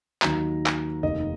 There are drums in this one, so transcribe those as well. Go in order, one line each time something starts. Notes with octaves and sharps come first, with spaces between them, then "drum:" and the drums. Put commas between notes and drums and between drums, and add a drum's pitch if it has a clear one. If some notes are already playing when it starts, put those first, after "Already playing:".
D#2 D#3 F#3 A#5, drum: clap
drum: clap
F1 D#2 D#3 D#5